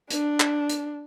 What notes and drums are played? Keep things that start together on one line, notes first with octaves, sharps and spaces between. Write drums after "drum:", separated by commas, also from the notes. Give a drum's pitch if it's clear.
D4, drum: hi-hat
drum: clap
drum: hi-hat